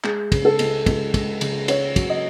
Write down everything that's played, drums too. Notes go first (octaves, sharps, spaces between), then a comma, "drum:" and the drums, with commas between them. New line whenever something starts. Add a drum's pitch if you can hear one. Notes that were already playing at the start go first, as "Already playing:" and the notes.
G#3 G#4, drum: clap
C#3, drum: kick, cymbal
A4
C#2, drum: cymbal
C#2, drum: kick, cymbal
G#3, drum: kick, cymbal
C#3, drum: cymbal
C#4 C#5, drum: cymbal
F#3, drum: kick, cymbal
D#5